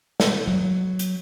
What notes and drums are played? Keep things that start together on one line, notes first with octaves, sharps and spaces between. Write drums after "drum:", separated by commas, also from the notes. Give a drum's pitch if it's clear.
drum: snare
F#3
drum: hi-hat